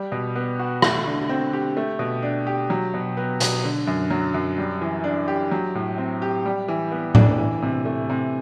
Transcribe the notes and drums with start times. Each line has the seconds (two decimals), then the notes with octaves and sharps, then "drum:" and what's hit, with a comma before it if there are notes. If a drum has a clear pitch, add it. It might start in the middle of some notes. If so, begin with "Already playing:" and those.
Already playing: G3
0.12 B2
0.36 B3
0.59 F#4
0.82 A3, drum: rim click
1.06 D3
1.29 C4
1.53 G4
1.77 A3
1.99 B2
2.23 D4
2.47 G4
2.70 F#3
2.94 B2
3.17 B3
3.40 B2, drum: hi-hat
3.64 D3
3.87 F#2
4.10 F#3
4.34 F#2
4.58 G3
4.81 E3
5.04 D4
5.28 G4
5.51 F#3
5.75 A2
5.98 C4
6.22 G4
6.46 G3
6.68 E3
6.92 B3
7.15 D4, drum: tom A2
7.38 E3
7.62 C3
7.85 A3
8.10 C3